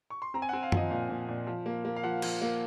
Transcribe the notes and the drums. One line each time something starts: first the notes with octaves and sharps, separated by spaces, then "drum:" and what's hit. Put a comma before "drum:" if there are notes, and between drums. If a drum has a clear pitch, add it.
C#6
C6
C4 A#5
G#5
F#5
C4
F5
F3 D#5, drum: tom F#2
A#2 F5
A#2
A#2
F3
A#3
A#3
F5
F3 F#5
F3, drum: cymbal
A#3